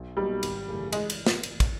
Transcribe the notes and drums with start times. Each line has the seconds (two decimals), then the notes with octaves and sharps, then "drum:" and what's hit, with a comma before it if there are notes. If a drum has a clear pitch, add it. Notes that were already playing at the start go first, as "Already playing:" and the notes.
Already playing: B1
0.17 B2 F#3 G3 A#3 D#4
0.43 G#1, drum: cymbal
0.67 F#2 C#3 E3 A3
0.92 E3 G#3, drum: cymbal
1.10 drum: cymbal
1.27 drum: snare
1.43 drum: cymbal
1.60 drum: kick, cymbal